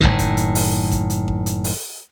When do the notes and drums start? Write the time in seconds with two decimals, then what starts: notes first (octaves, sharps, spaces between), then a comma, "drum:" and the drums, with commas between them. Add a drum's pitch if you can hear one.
0.01 F#1 B1 A2 D#3
0.19 drum: kick A1, hi-hat
0.37 drum: hi-hat
0.55 drum: open hi-hat
0.91 drum: kick A1, hi-hat
1.10 drum: hi-hat
1.28 drum: kick A1
1.46 drum: hi-hat
1.64 drum: open hi-hat